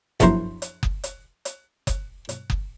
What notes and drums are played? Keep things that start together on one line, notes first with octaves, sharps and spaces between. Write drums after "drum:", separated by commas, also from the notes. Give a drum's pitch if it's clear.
A#1 F#2 E3 A#4 C5, drum: kick F#1, hi-hat
drum: hi-hat
drum: kick F#1
drum: hi-hat
drum: hi-hat
drum: kick F#1, hi-hat
drum: hi-hat
drum: kick F#1